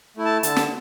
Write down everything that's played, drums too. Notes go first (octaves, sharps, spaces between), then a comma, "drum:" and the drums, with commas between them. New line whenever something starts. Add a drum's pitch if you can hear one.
A3 E4
A5
D3 A5, drum: hi-hat
drum: snare